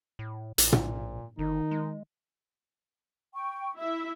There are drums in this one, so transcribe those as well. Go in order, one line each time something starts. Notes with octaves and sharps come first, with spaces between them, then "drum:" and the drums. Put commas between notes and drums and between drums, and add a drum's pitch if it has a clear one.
A2
A#1 A#2, drum: hi-hat
drum: tom
G1 D#3 D#4
G#3
G5 C#6
E4 E5 E6